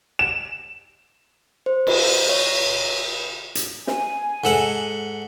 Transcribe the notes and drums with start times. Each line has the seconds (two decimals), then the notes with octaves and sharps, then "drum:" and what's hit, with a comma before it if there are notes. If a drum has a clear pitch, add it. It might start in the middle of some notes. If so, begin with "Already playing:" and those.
0.19 E7
1.66 C5
1.87 drum: cymbal
2.29 C#5
3.55 drum: hi-hat
3.87 G#5, drum: snare
4.44 G#2 A4 F#5